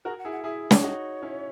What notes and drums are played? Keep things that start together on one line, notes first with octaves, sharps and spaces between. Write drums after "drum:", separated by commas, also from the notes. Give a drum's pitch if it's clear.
F#4 G#4 A#4
F#5
E4 G#4
F#5
E4 G#4 E5
C#5, drum: snare
D#4 F#4
C#4 E4